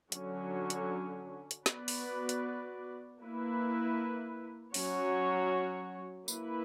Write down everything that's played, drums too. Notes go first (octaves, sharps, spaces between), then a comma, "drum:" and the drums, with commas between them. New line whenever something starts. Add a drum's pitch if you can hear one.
D3 F#3 C#4, drum: hi-hat
drum: hi-hat
drum: hi-hat
B3 F#4 B4 D5, drum: snare
drum: open hi-hat
drum: hi-hat
A#3 E4 B4
F#3 C#4 F#4 C#5, drum: open hi-hat
A#3 E4 B4, drum: tambourine